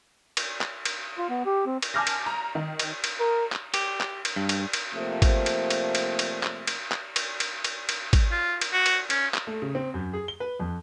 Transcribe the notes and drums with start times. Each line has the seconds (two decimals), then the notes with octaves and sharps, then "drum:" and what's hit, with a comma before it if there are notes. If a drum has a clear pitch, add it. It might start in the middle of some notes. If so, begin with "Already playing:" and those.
0.37 drum: cymbal
0.61 drum: clap
0.85 drum: cymbal
1.18 F4
1.30 B3
1.46 G4
1.66 C4
1.82 drum: cymbal
1.94 G#5 A5 D6 F6 G6 A#6
2.07 drum: cymbal
2.26 A#5
2.55 D#3
2.79 drum: cymbal
3.04 drum: cymbal
3.20 A#4
3.52 drum: clap
3.74 G4, drum: cymbal
4.01 drum: clap
4.25 drum: cymbal
4.36 G2
4.49 drum: cymbal
4.73 drum: cymbal
4.94 C3 F3 A3 A#3
5.22 drum: kick G#1, cymbal
5.46 drum: cymbal
5.70 drum: cymbal
5.95 drum: cymbal
6.19 drum: cymbal
6.43 drum: clap
6.67 drum: cymbal
6.92 drum: clap
7.16 drum: cymbal
7.40 drum: cymbal
7.64 drum: cymbal
7.89 drum: cymbal
8.13 drum: kick G#1, cymbal
8.32 F4
8.61 drum: cymbal
8.73 F#4
8.86 drum: cymbal
9.10 C#4, drum: cymbal
9.34 drum: clap
9.47 A3
9.62 C#3
9.75 C4
9.94 F#2
10.13 G#4
10.28 G7
10.40 B4
10.60 F2